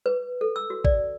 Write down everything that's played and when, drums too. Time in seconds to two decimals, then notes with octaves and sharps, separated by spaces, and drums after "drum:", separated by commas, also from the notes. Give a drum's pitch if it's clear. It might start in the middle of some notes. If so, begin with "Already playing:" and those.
0.06 B4
0.41 A4
0.56 E6
0.70 F#4
0.85 D5, drum: kick A#1